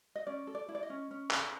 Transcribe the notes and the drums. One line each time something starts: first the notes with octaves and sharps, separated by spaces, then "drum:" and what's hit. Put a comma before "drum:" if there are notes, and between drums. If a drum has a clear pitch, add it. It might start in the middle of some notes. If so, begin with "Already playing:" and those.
D#5
C#4 D5
A4
D5
E4
D5
D#5
C#4
C#4
A4, drum: clap